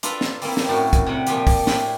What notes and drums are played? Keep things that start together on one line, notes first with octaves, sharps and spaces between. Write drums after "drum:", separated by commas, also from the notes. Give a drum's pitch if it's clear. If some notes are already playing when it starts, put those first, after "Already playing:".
D4 F4 A4 B4 D5 A#5, drum: hi-hat
drum: snare
G3 A#3 C4 E4, drum: open hi-hat
drum: snare
F#2 A2 F#4 A5
drum: kick, hi-hat
C3 G3 F#5
A#2 F3 G3 G4, drum: hi-hat
drum: kick, open hi-hat
A2 D4 G4 G#5 B5, drum: snare